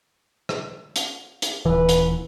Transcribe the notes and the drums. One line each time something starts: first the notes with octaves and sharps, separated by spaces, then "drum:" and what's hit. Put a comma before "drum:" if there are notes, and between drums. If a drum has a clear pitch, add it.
drum: rim click
drum: hi-hat
drum: hi-hat
D#1 E3 B4
drum: hi-hat